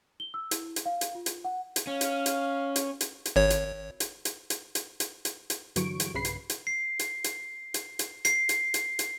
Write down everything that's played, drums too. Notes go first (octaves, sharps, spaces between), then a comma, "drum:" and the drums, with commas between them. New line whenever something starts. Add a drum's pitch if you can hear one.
G7
E6
E4, drum: hi-hat
drum: hi-hat
F5
drum: hi-hat
F4
drum: hi-hat
F#5
drum: hi-hat
C#4 F5
drum: hi-hat
drum: hi-hat
drum: hi-hat
drum: hi-hat
drum: hi-hat
G#1 C#5
drum: hi-hat
drum: hi-hat
drum: hi-hat
drum: hi-hat
drum: hi-hat
drum: hi-hat
drum: hi-hat
drum: hi-hat
G2 D3 E3 F#3 C#6 D7, drum: hi-hat
drum: hi-hat
B1 G2 C#3 B4 B5 C7
drum: hi-hat
drum: hi-hat
C7
drum: hi-hat
drum: hi-hat
drum: hi-hat
drum: hi-hat
C7, drum: hi-hat
drum: hi-hat
drum: hi-hat
drum: hi-hat